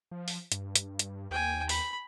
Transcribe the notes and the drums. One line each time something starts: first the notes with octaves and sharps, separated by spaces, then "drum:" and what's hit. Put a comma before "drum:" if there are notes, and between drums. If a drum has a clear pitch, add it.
F3
drum: open hi-hat
G2, drum: hi-hat
drum: hi-hat
drum: hi-hat
D#2 G5 G#5
B5, drum: open hi-hat